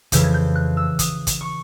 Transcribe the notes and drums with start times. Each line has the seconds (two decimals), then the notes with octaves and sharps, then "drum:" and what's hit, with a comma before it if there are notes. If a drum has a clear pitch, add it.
0.12 F2 C#3 E3 G6, drum: kick, hi-hat
0.24 G#6
0.34 G6
0.55 F#6
0.77 E6
0.99 D#6, drum: kick, hi-hat
1.27 drum: kick, hi-hat
1.41 C#6